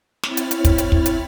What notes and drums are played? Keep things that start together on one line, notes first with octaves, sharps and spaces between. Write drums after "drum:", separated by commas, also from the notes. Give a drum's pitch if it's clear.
C4 E4 C#5 B5 F6 A6, drum: snare
drum: hi-hat
drum: hi-hat
drum: kick, hi-hat
drum: hi-hat
drum: kick
drum: hi-hat